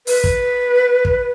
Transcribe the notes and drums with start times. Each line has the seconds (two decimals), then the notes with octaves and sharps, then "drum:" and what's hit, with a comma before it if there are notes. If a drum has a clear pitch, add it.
0.07 B4, drum: open hi-hat
0.24 drum: kick
1.05 drum: kick